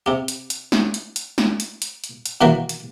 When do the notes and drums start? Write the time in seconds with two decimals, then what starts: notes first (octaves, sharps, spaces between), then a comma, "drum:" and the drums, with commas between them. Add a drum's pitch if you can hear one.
0.06 C3 G4
0.28 drum: hi-hat
0.50 drum: hi-hat
0.72 drum: snare
0.94 drum: hi-hat
1.16 drum: hi-hat
1.38 drum: snare
1.60 drum: hi-hat
1.82 drum: hi-hat
2.04 drum: hi-hat
2.26 drum: hi-hat
2.41 B2 D#3 E3 F#3 A#3 F#4
2.69 drum: hi-hat